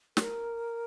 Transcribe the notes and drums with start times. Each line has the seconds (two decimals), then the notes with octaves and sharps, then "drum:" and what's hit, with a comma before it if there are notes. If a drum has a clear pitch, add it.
0.17 A#4, drum: snare